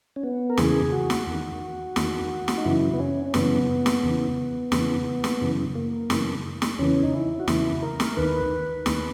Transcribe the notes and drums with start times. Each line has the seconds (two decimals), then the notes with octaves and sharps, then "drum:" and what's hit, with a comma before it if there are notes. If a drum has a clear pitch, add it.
0.16 C#4
0.23 B3
0.50 A#4
0.57 E2 C#3 E3 G#4, drum: snare
0.92 F#4
1.10 drum: snare
1.27 E2 D#3
1.96 E2 D#3, drum: snare
2.48 drum: snare
2.58 D#4
2.65 F#2 C#3 E3 E4
2.93 B3
3.00 C#4
3.26 C#4
3.34 F#2 C#3 E3 B3, drum: snare
3.86 drum: snare
4.03 E2 C#3 E3
4.72 E2 C#3 E3, drum: snare
5.24 drum: snare
5.41 F#2 C#3 E3
5.75 A#3
6.10 F#2 C#3 E3, drum: snare
6.62 drum: snare
6.79 E2 C#3 E3 C#4
7.03 D#4
7.13 E4
7.40 F#4
7.48 E2 C#3 E3 E4, drum: snare
7.82 A#4
8.00 drum: snare
8.17 D#2 D#3 B4
8.86 D#2 D#3, drum: snare